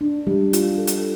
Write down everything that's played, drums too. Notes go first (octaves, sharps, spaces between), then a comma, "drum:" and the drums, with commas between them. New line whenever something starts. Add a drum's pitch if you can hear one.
D4
G3
F4, drum: hi-hat
A4
drum: hi-hat